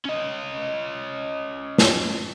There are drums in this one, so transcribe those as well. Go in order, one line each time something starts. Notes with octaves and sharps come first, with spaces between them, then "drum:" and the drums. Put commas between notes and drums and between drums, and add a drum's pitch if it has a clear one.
C#4 D#5
drum: snare